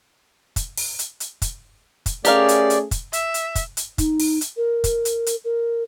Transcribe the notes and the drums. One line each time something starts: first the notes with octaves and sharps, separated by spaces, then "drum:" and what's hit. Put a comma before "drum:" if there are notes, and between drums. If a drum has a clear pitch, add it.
drum: kick, hi-hat
drum: open hi-hat
drum: hi-hat
drum: hi-hat
drum: kick, hi-hat
drum: kick, hi-hat
A3 C#4 G4 G#4 A#4 D5 F5, drum: hi-hat
drum: hi-hat
drum: hi-hat
drum: kick, hi-hat
E5, drum: hi-hat
drum: hi-hat
drum: kick, hi-hat
drum: hi-hat
D#4, drum: kick, hi-hat
drum: open hi-hat
drum: hi-hat
A#4
drum: kick, hi-hat
drum: hi-hat
drum: hi-hat
A#4